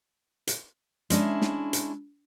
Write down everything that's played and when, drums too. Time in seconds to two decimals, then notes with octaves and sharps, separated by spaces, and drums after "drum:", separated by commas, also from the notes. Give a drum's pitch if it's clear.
0.47 drum: hi-hat
1.10 G#3 C#4 D4 E4, drum: hi-hat
1.42 drum: snare
1.73 drum: hi-hat